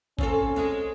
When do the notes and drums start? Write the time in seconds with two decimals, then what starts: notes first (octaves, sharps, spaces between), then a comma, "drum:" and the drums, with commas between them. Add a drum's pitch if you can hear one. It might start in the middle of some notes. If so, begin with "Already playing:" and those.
0.19 C4 C#4 F4 A4, drum: kick
0.56 G#3